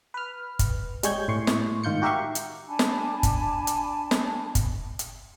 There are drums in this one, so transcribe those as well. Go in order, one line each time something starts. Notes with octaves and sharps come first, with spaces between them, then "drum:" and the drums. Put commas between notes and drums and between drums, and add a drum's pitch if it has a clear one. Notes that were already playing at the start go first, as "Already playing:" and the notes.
B4 F6
drum: kick, hi-hat
G3 G#3 C#5 G6 G#6, drum: hi-hat
A2 C6 C#6
drum: snare
G#2 D#3 F4 G6 C#7
F#4 G4 A#4 E5 F5 C#6
drum: hi-hat
D4 G#5 A5 B5
drum: snare
drum: kick, hi-hat
drum: hi-hat
drum: snare
drum: kick, hi-hat
drum: hi-hat